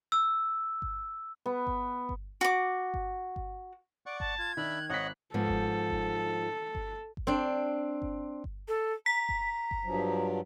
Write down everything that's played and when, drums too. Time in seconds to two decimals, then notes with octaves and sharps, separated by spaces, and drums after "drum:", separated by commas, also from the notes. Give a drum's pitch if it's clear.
0.12 E6
0.82 drum: kick G1
1.46 B3
1.67 drum: kick G1
2.09 drum: kick G1
2.41 F#4 D6
2.94 drum: kick G1
3.36 drum: kick G1
4.06 D5 F#5 C#6 D6
4.20 A5, drum: kick G1
4.38 F4 G#6
4.57 D#3 D4 E5 B5 F#6
4.90 G#1 C#5 D#5 F#5 F#6 B6
5.34 G#2 F3 B3 A4
5.48 drum: kick G1
5.90 drum: kick G1
6.75 drum: kick G1
7.17 drum: kick G1
7.27 C4 D4
8.02 drum: kick G1
8.44 drum: kick G1
8.68 A4
9.06 A#5 B6
9.29 drum: kick G1
9.71 drum: kick G1
9.84 G2 F3 F#3